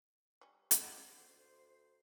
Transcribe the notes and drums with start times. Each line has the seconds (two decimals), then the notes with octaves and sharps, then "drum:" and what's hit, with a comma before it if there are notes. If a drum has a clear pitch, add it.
0.41 G3 C#4
0.71 D#4 E4 G4, drum: hi-hat
1.12 D2 C5